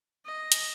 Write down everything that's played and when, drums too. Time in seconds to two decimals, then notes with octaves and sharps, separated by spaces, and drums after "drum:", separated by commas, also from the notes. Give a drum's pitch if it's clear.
0.25 D#5
0.52 drum: hi-hat